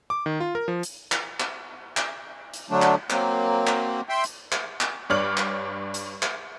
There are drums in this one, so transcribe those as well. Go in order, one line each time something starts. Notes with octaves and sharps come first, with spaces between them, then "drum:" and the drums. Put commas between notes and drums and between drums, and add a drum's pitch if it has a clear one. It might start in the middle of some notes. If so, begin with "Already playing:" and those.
D6
D#3
F4
A#4
F3
drum: hi-hat
drum: clap
drum: clap
drum: clap
drum: hi-hat
D3 F#3 A3 D4
drum: clap
F#3 A#3 C4, drum: clap
drum: clap
E5 G5 C6
drum: hi-hat
drum: clap
drum: clap
G2 D4 C#5 D6 F6 F#7
drum: clap
drum: hi-hat
drum: clap